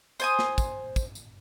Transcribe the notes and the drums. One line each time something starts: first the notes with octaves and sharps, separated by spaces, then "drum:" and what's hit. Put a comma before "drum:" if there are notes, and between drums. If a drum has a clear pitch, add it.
C5 G#5 D#6, drum: tambourine
drum: snare
drum: kick, tambourine
drum: kick, tambourine
drum: tambourine